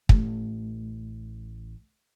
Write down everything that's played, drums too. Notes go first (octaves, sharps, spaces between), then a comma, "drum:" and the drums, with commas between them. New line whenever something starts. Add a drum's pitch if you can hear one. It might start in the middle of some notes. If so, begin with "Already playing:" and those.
A1 A3, drum: kick